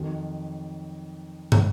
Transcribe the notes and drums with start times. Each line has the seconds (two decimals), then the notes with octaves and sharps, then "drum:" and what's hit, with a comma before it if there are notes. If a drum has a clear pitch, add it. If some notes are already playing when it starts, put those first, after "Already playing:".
Already playing: F2 D#3 F#3
1.52 drum: tom